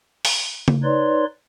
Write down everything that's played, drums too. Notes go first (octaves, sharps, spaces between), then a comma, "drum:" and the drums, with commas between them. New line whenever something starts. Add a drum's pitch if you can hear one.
drum: open hi-hat
drum: tom C#3
D#4 B4 C#5 D5 C6